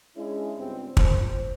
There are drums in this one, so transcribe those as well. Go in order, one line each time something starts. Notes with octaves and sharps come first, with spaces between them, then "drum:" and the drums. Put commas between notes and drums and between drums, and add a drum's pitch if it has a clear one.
G#3 C#4 D4 E4
C#2 G2 G3 B3 C4
A#1 C5, drum: kick